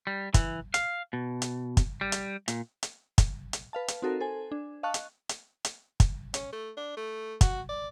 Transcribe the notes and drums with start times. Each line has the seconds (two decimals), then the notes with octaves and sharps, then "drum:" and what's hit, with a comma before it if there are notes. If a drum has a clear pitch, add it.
0.07 G3
0.34 E3, drum: kick, hi-hat
0.74 F5, drum: hi-hat
1.13 B2
1.42 drum: hi-hat
1.77 drum: kick, hi-hat
2.01 G3
2.12 drum: hi-hat
2.48 A#2, drum: hi-hat
2.83 drum: hi-hat
3.18 drum: kick, hi-hat
3.53 drum: hi-hat
3.73 B4 F5 A5
3.88 drum: hi-hat
4.02 C4 D#4 F#4 A4 A#4
4.21 A4 C5 G#5
4.52 D4
4.83 D#5 F5 A5 C#6 F#6
4.94 drum: hi-hat
5.29 drum: hi-hat
5.65 drum: hi-hat
6.00 drum: kick, hi-hat
6.34 C#4, drum: hi-hat
6.53 A3
6.77 D4
6.97 A3
7.41 F#4, drum: kick, hi-hat
7.69 D5